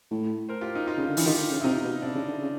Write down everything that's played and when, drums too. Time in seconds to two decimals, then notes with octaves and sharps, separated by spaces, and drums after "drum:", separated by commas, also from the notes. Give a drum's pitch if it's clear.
0.11 A2
0.49 A#4 C5
0.61 F4 G4
0.75 D#4 F4
0.87 D#4 F4
0.97 C#3
1.07 D3
1.17 E3, drum: open hi-hat
1.25 D#3 F4 G4
1.38 D3
1.51 C#3
1.60 E4
1.64 C3 D#4 F4
1.84 B2
2.02 C3 D4 E4
2.15 C#3
2.28 D3
2.41 C#3